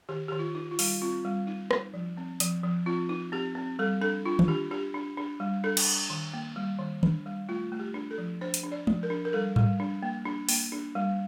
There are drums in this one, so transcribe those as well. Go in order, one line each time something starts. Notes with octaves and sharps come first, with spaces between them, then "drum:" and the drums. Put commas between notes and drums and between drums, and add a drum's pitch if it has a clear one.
D#3 G4
D#3 G4
F4
D#4
F4
G3, drum: open hi-hat
C4 F4
G3
D#4
D#4, drum: rim click
F3
C4
F3, drum: hi-hat
F3
C4 F4
D#4
C4 G4
C4
G3 A4
D4 A4
D4 F4
drum: tom D#3
D4 G4
D4 G4
D4
D4
G3
D4 A4
drum: cymbal
D4
D#3
A#3
G3
D#3
D4, drum: tom D#3
G3
A3 F4
A3
G4
D4
A4
F3
D4 C5
drum: hi-hat
D4
D5
F3, drum: tom
A#4
D4
A#4
G3 A4
G3, drum: tom G#2
D4
A#3
D4
A#3, drum: open hi-hat
D4
G3